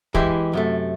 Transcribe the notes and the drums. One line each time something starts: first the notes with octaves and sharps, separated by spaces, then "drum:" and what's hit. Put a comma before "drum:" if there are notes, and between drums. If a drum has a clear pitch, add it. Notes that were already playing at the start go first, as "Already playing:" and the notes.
E3 G#3 E4 G4, drum: kick
F#2 C3 A3